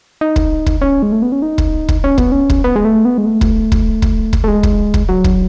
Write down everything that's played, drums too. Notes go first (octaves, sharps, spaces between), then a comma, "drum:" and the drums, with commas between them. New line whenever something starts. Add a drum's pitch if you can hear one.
D#4
drum: kick
drum: kick
C#4
G#3
A3
B3
C#4
D#4
drum: kick
drum: kick
C#4
B3, drum: kick
C#4
drum: kick
B3
G#3
A3
B3
G#3
A3
drum: kick
drum: kick
drum: kick
drum: kick
A3
G#3
drum: kick
drum: kick
F#3
drum: kick